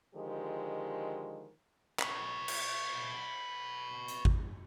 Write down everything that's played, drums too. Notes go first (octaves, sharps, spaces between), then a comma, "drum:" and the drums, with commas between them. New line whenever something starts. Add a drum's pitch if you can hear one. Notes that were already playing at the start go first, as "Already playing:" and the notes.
D3 D#3 F3 G#3 G4
B4 C#5, drum: clap
drum: cymbal
drum: hi-hat
drum: kick G#1